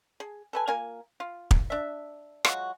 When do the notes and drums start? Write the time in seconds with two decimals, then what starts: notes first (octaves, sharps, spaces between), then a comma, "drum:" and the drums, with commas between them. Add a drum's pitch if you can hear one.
0.20 G#4
0.53 A4 B4 G#5
0.68 A#3 F4 A#4 G#5
1.20 F4
1.51 drum: kick
1.70 D4 E5
2.45 F#3 G#3 F4 F#4, drum: rim click